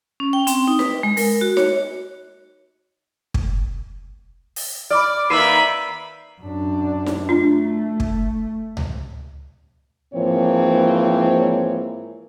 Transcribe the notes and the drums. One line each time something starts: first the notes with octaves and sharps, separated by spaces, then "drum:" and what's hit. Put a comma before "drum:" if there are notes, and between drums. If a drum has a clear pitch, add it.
C#4
G5
C4, drum: hi-hat
D#4
B4, drum: snare D#4
G#3
A#4, drum: open hi-hat
F#4
C#5, drum: snare D#4
drum: kick
drum: open hi-hat
D5 B5 D6 F6
D#3 A#3 B4 E5 B5 C7 D#7 E7
F#2 D4
drum: snare D#4
A3 D4 F4
drum: kick
drum: tom C#2
G#2 E3 F3 A#3 C4 C#5